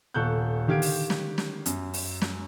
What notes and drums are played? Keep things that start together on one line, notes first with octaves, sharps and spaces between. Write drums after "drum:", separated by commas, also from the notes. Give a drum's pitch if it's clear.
D#1 A4 C#6 F#6 G6
D3 D#3 G4 F5 G#6 D7
drum: open hi-hat
drum: snare
drum: snare
F#2, drum: hi-hat
drum: open hi-hat
drum: snare